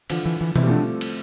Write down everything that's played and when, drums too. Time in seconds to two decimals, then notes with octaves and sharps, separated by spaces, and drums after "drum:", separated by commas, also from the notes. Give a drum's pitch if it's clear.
0.10 D3 E3 F3, drum: cymbal
0.26 E3
0.41 E3
0.56 E3 C4 E4, drum: tom B2
0.63 G3
0.67 F3 A3
0.71 D4
1.01 drum: cymbal